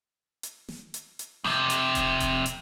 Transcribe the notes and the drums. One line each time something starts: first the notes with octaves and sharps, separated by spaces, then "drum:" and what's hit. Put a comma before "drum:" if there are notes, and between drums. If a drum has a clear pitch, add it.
drum: hi-hat
drum: snare
drum: hi-hat
drum: hi-hat
F2 C3, drum: snare
drum: hi-hat
drum: kick D#1, hi-hat
drum: kick D#1, hi-hat
drum: hi-hat